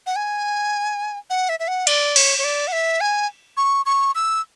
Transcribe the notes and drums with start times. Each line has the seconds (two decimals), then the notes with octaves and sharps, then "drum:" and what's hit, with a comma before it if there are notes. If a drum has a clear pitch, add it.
0.06 F#5
0.16 G#5
1.30 F#5
1.49 E5
1.60 E5
1.68 F#5
1.87 D5, drum: cymbal
2.16 C#5, drum: cymbal
2.38 C#5
2.44 D5
2.68 F#5
2.72 E5
3.01 G#5
3.57 C#6
3.86 C#6
4.15 E6